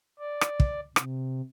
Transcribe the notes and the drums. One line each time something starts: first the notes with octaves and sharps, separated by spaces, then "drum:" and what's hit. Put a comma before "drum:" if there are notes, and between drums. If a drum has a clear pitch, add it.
D5
drum: rim click
drum: kick
C3, drum: rim click